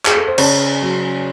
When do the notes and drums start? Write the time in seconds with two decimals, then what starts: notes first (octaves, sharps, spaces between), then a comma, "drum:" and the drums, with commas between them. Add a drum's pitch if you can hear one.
0.05 G#4, drum: clap
0.15 A4
0.27 C5
0.38 C#3 C#5, drum: cymbal
0.82 F#3 C#4